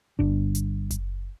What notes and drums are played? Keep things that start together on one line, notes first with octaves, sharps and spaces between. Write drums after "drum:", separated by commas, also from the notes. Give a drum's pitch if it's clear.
G1 G2 D4
drum: hi-hat
drum: kick F#1, hi-hat